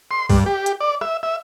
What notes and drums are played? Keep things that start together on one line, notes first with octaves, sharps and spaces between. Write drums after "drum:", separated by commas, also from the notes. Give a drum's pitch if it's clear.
C6
G2, drum: kick, open hi-hat
G4
drum: hi-hat
D5
E5, drum: rim click
E5